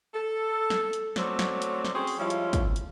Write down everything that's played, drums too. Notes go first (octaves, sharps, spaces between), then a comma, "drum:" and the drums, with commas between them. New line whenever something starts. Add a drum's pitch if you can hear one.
A4
drum: snare
drum: hi-hat
F#3 A3 C4 C#4 A4 D5, drum: snare
drum: snare
drum: hi-hat
drum: snare
C4 C#4 F#4 G#4 C5
drum: open hi-hat
F3 G3 G#3 C#4 E4 F4
drum: hi-hat
drum: kick, hi-hat
drum: hi-hat